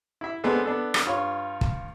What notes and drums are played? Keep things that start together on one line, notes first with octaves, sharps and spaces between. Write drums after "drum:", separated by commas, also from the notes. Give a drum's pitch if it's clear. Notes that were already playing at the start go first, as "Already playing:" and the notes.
E4 E5
G#3 B3 C4 D4 G#4 A4
B3 D4 A4
drum: rim click
G2 F4 C#5
drum: kick